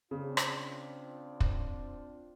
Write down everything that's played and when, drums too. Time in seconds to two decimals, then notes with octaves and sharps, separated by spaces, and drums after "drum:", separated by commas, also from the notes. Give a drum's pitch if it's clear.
0.11 C#3 C4 D4 F4
0.37 drum: rim click
1.40 drum: kick